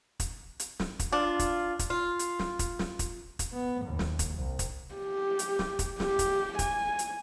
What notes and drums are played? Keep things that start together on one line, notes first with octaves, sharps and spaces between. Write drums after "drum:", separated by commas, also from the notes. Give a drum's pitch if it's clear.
drum: kick, hi-hat
drum: hi-hat
drum: snare
drum: kick, hi-hat
D4 F4
drum: kick, hi-hat
drum: kick, hi-hat
F4
drum: hi-hat
drum: snare
drum: kick, hi-hat
drum: snare
drum: kick, hi-hat
drum: kick, hi-hat
B3
D#2
drum: snare
drum: kick, hi-hat
C2
drum: kick, hi-hat
G4
drum: hi-hat
drum: snare
drum: kick, hi-hat
G4, drum: snare
drum: kick, hi-hat
G#5, drum: kick, hi-hat
drum: hi-hat